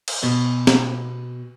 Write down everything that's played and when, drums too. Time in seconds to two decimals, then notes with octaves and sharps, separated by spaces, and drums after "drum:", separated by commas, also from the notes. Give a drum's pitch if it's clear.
0.08 drum: cymbal
0.23 B2
0.67 drum: snare